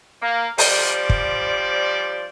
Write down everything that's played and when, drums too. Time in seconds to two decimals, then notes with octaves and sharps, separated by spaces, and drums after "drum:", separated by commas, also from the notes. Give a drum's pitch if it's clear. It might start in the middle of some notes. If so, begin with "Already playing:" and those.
0.22 A#3
0.58 F3 G3 C5 D5, drum: open hi-hat
1.09 drum: kick